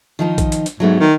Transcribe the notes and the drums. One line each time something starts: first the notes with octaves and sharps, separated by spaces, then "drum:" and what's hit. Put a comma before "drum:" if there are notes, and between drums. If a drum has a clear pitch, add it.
D#3 F3 D#4
drum: kick A#1, hi-hat
drum: hi-hat
drum: hi-hat
G#2 F#3 A3 B3
D#3